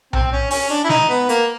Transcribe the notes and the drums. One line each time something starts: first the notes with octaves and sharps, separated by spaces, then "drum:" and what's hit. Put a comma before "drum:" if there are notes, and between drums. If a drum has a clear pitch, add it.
C4, drum: tom B1
C#4
C#4, drum: open hi-hat
D4
E4
D#4, drum: snare
B3
A#3, drum: hi-hat